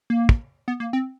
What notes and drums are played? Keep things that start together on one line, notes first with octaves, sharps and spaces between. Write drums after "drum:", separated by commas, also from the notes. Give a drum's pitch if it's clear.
A#3
drum: kick
B3
A#3
C4